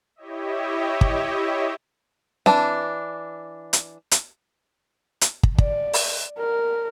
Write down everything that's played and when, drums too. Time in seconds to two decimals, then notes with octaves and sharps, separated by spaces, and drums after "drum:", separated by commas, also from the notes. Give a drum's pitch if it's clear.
0.16 E4 G4 C#5 D#5 E5
1.01 drum: kick
2.46 E3 D4 A5, drum: snare C4
3.73 drum: hi-hat
4.11 drum: hi-hat
5.21 drum: hi-hat
5.43 drum: kick
5.58 D5, drum: kick
5.93 drum: open hi-hat
6.38 A#4